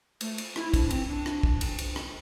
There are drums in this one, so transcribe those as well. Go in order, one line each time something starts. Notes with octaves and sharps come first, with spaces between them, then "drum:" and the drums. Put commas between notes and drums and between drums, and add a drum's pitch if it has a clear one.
A3, drum: cymbal
drum: cymbal
E4, drum: rim click
D4, drum: kick, cymbal
D4
C4, drum: cymbal
D4
drum: rim click
drum: kick
drum: cymbal
drum: cymbal
drum: rim click